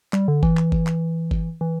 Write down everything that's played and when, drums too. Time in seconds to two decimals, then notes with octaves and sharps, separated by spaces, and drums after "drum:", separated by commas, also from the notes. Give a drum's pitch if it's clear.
0.13 G3, drum: clap
0.28 D3
0.43 E3, drum: kick G1
0.57 drum: clap
0.72 drum: kick G1
0.87 drum: clap
1.31 drum: kick G1
1.61 E3